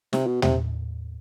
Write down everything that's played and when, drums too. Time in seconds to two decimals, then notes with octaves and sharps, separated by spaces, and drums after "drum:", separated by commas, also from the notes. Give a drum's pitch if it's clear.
0.13 C3, drum: snare
0.27 B2
0.42 C3, drum: tom